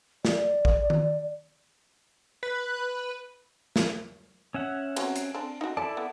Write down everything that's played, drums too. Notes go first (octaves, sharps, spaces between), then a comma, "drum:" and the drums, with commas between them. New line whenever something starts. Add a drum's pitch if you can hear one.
D5, drum: snare
drum: kick A#1
drum: tom D#3
B4
drum: snare
C#4 E5 F#5
F#3 B3 C4, drum: cymbal
drum: hi-hat
C4 D4
D#4 F#4
E4 A4 D5 A5
B3